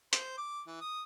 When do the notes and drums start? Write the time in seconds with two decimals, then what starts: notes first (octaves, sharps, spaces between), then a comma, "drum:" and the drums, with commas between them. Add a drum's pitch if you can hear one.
0.13 C5, drum: hi-hat
0.37 D6
0.67 E3
0.81 D#6